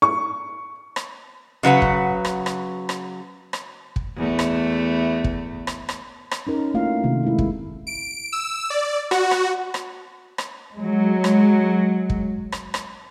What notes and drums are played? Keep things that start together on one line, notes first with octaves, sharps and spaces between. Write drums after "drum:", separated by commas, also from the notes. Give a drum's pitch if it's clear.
C#6
drum: rim click
C#3 F#3 B4 F#5
drum: kick
drum: rim click
drum: rim click
drum: rim click
drum: rim click
drum: kick
E2 A3
drum: rim click
drum: kick
drum: rim click
drum: rim click
drum: rim click
C#4 D#4 A#4
A3 A#3 E4 F4 F5
C3 D#3 A3 F4
G#3 E4
drum: kick
D7
E6
D5
F#4, drum: rim click
drum: rim click
drum: rim click
drum: rim click
F#3 G#3
drum: rim click
drum: kick
drum: rim click
drum: rim click